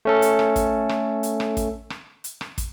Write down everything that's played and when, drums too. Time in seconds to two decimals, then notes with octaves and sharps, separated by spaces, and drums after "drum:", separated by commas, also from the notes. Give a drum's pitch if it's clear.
0.05 A3 C#4 A4
0.22 drum: hi-hat
0.39 drum: rim click
0.56 drum: kick, hi-hat
0.89 drum: rim click
1.23 drum: hi-hat
1.40 drum: rim click
1.57 drum: kick, hi-hat
1.90 drum: rim click
2.24 drum: hi-hat
2.41 drum: rim click
2.58 drum: kick, hi-hat